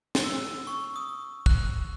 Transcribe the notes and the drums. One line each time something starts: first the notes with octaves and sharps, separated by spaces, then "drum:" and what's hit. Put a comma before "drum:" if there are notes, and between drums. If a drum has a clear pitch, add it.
drum: snare
E6
C#6
D#6
F#6, drum: kick